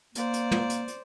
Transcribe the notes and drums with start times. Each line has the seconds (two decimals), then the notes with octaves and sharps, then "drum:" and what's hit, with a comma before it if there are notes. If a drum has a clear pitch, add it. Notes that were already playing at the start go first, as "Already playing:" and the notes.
0.15 A#3 C5 D5, drum: hi-hat
0.33 drum: hi-hat
0.51 drum: tom
0.70 drum: hi-hat
0.88 drum: hi-hat